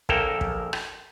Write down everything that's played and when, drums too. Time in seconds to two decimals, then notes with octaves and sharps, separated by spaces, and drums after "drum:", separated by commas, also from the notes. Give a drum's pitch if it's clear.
0.09 A#1 A#3 A4 A#4 E5 G5, drum: kick
0.41 drum: kick
0.73 drum: rim click